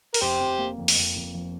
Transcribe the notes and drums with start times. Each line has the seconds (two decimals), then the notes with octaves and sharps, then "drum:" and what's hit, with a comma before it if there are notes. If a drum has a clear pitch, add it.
0.14 A#4, drum: open hi-hat
0.21 F1 G4 C5
0.40 F2
0.59 A#3
0.78 F2
0.88 drum: open hi-hat
0.97 F2
1.16 F1
1.35 F3